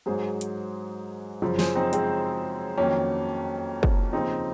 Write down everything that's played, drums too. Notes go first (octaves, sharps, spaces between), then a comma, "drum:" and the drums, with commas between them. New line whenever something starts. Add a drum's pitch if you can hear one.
G#2 F#3 G#4 C5
drum: hi-hat
F#2 C#3 F3
G#4 C5, drum: snare
C4 D#4
G#3 C4, drum: hi-hat
F2 D#3 F#3 A#3 C#4
drum: kick
D#2 C#3 F3 C4 D#4